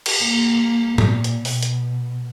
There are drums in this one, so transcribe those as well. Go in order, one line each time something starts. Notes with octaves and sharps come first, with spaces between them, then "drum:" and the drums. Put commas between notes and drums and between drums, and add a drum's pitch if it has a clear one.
drum: cymbal
A#3
A#2, drum: tom
drum: hi-hat
B2, drum: open hi-hat
drum: hi-hat